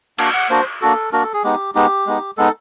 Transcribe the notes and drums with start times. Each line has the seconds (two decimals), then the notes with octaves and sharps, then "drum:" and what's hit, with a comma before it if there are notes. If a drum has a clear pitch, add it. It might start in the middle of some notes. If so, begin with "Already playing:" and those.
0.18 A#3 D4 F#4 F#5, drum: cymbal
0.34 F#5
0.49 A#3 D4 F#4 C5
0.81 A#3 D4 F#4 A4
1.13 A#3 D4 F#4 A#4
1.23 A4
1.34 G#4
1.44 G#3 B3 D#4 G4
1.75 G#3 B3 D#4 G4
2.07 G#3 B3 D#4
2.37 G#3 B3 D#4 A4